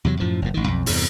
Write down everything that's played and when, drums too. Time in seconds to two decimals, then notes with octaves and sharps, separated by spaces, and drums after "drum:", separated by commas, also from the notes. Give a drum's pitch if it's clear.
0.05 E2 C3 E3 F#3
0.20 F#2 A2 F3
0.42 F#1 A2
0.54 A1 D#3
0.66 B1 F2
0.86 E2 G2 C3, drum: open hi-hat